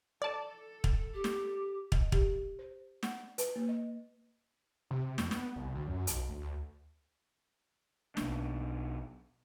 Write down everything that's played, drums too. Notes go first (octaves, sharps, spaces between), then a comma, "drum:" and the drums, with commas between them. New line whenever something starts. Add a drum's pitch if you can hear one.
A4 D5 A5
drum: kick
G4
drum: snare
D#5, drum: kick
G4, drum: kick
C5
F#5, drum: snare
B4, drum: hi-hat
A#3
D#5
C3
C3
F2, drum: snare
B3, drum: snare
C2
D2
F#2
B1, drum: hi-hat
D2
B1 D4, drum: snare